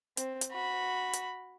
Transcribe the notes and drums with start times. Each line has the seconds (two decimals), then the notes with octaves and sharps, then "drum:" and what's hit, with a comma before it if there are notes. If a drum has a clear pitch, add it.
0.17 C4, drum: hi-hat
0.41 drum: hi-hat
0.51 F#4 B5
1.13 drum: hi-hat